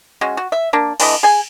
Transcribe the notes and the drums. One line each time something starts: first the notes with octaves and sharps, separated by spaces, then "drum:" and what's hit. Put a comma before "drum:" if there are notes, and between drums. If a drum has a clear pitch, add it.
G#3 C#4 F#4
F#4
E5
A#3 D4
D3 E3 A3 D#5, drum: cymbal
G#4 G#5